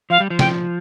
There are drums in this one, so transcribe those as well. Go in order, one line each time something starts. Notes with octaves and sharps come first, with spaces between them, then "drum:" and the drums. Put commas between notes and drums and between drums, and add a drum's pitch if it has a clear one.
F3 F5
G3
F3
G5, drum: snare